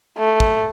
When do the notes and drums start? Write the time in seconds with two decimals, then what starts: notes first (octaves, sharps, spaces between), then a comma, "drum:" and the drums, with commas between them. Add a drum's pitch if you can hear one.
0.18 A3
0.40 drum: kick